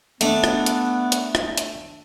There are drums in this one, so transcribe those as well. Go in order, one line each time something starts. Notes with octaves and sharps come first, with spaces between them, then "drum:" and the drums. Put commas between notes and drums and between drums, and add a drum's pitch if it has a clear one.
A3 B3 D4, drum: hi-hat
drum: rim click
drum: hi-hat
drum: hi-hat
drum: rim click
drum: hi-hat